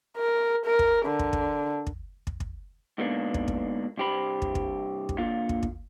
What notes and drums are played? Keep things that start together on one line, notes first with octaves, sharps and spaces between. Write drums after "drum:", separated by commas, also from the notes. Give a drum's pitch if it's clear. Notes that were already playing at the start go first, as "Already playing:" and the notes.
A#4
A#4
drum: kick
D3
drum: kick
drum: kick
drum: kick
drum: kick
drum: kick
G#2 B2 D3 A#3 D4
drum: kick
drum: kick
C2 G2 G4 C5 B5
drum: kick
drum: kick
drum: kick
A#2 D3 F4
drum: kick
drum: kick